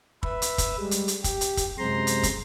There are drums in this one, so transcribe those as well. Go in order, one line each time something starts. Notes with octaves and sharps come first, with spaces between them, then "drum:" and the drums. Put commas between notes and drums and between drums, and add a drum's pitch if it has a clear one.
B4 E5, drum: kick
drum: hi-hat
drum: kick, hi-hat
G3 G#3
drum: hi-hat
drum: hi-hat
G4, drum: kick, hi-hat
drum: hi-hat
drum: kick, hi-hat
F#2 C3 G#3 C5 A#5 C6
drum: hi-hat
drum: kick, hi-hat